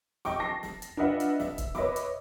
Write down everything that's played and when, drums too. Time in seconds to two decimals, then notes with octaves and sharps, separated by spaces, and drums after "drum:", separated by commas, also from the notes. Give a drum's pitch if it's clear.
0.25 D#5 G5 C#6 D6, drum: snare
0.40 A5 A#6 C7
0.63 drum: snare
0.82 drum: hi-hat
0.97 D4 F4 B4 D#5 E5 F#5
1.20 drum: hi-hat
1.40 E5, drum: snare
1.58 drum: kick, hi-hat
1.75 B4 C#5 D#5 E5 B5 D6, drum: snare
1.96 drum: hi-hat